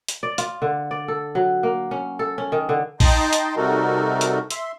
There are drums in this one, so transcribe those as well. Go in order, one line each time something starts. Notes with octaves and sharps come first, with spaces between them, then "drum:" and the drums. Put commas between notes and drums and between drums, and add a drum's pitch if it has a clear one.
drum: hi-hat
D5
F4, drum: hi-hat
D3
D5
A4
F#3
A#3
C#4
A4
C#4
D#3
D3
D#4 D#5 G5 A5 C6, drum: kick A#1, open hi-hat
drum: hi-hat
C3 G3 D#4 F#4 A4 A#4
drum: hi-hat
E5 C6, drum: hi-hat